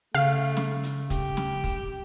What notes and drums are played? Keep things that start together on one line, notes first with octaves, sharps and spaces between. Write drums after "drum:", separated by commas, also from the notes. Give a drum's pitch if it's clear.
C#3 A3 F5
drum: snare
drum: hi-hat
G4, drum: kick, hi-hat
drum: snare
drum: kick, open hi-hat